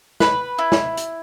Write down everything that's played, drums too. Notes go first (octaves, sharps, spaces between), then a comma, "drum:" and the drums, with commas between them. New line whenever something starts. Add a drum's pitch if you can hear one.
B4, drum: snare
E4
drum: snare
drum: hi-hat